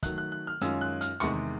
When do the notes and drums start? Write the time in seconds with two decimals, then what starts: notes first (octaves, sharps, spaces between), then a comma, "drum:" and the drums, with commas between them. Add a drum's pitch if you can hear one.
0.03 D#3 F#3 A3 F#6, drum: kick, hi-hat
0.18 F#6
0.32 F#6
0.47 F6
0.61 F#2 D#3 G#3 C#4 F4 E6, drum: hi-hat
0.81 F#6
1.01 F6, drum: hi-hat
1.20 E2 C3 D#3 G#3 C#6, drum: hi-hat